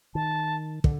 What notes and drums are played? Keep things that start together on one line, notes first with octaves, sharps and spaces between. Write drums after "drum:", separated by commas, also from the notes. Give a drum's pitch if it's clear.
D#3 A5
D3, drum: kick